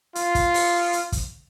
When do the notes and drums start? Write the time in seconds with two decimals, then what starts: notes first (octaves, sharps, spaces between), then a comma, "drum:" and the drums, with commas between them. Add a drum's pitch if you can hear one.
0.15 F4, drum: hi-hat
0.35 drum: kick, hi-hat
0.54 drum: open hi-hat
0.93 drum: hi-hat
1.12 drum: kick, hi-hat